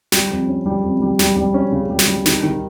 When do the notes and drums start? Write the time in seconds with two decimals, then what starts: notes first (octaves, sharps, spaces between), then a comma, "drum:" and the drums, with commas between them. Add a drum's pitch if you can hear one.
0.12 G3, drum: snare
0.31 F2
0.48 C#4
0.66 G3
0.84 F2
1.02 G3
1.19 G3, drum: snare
1.36 G3
1.54 C#4
1.72 C#3
1.90 G3
1.99 drum: snare
2.08 G3
2.26 D#3, drum: snare
2.43 D#3